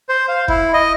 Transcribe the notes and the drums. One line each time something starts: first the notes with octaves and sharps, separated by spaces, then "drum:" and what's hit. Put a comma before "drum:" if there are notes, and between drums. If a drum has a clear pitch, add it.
C5
F5
E4, drum: kick
D#5